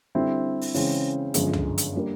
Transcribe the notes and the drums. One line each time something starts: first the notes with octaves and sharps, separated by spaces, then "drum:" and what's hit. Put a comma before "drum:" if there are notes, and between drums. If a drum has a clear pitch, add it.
D3 G3 C4 E4
drum: open hi-hat
C#3 E3 G#3 C4, drum: open hi-hat
G1 F#2 D3 F3 G#3, drum: hi-hat
drum: tom C#2
drum: hi-hat
D3 G3 A#3